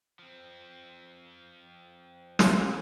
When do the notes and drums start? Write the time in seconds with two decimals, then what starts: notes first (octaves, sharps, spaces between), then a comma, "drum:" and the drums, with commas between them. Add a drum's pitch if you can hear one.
0.19 F3 C4
2.39 drum: snare